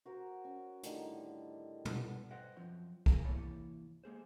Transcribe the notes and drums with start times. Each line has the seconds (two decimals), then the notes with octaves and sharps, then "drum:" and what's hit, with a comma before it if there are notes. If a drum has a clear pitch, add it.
0.05 F#4 A#4 C5
0.44 C#4
0.83 A2 D3 D#3 G3, drum: hi-hat
1.85 D3 B3, drum: tom
2.31 B4 C5 D#5 F#5 G5
2.57 F#2 F3 C4 C6
3.06 B3 G#4 A#4, drum: kick
3.24 C3 E3 A#3 C#5 A5 B5
4.04 G#3 A#3 G#4 C5